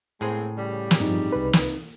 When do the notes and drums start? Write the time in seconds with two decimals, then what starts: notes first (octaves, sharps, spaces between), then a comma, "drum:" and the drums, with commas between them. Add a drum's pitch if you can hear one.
0.21 A2 G#3 A#3 C4 G#4
0.57 C#3 G3
0.91 drum: snare
1.00 G2 F3 C4 D#4
1.32 C2 B4
1.53 drum: snare